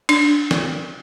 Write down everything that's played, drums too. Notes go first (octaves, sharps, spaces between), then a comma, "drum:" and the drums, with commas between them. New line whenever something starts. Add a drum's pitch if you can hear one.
D4, drum: cymbal
drum: snare